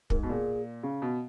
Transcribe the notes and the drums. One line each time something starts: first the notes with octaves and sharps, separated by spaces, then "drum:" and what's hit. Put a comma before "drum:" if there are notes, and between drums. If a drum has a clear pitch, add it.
G#2 A#4, drum: kick
B2
A#2 G#4
C#3
B2